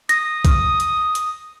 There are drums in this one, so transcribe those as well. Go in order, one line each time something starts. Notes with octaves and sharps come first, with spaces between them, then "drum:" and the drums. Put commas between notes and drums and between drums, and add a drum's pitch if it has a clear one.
D#6 A#6, drum: hi-hat
drum: kick, hi-hat
drum: hi-hat
drum: hi-hat